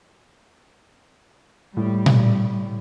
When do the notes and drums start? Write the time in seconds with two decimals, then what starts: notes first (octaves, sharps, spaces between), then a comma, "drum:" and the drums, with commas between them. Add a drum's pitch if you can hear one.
1.77 A2 G3
2.06 drum: tom A#2